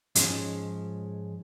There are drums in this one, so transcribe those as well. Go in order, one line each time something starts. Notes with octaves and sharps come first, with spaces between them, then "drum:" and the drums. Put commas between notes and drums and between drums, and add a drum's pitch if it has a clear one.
G#2 F3 G#3 C#4, drum: hi-hat